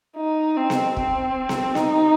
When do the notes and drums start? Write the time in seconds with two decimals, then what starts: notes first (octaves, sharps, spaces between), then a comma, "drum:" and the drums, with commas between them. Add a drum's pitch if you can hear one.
0.17 D#4
0.57 C4
0.70 drum: snare B3
0.97 C4, drum: kick
1.49 drum: snare B3
1.75 D#4, drum: snare B3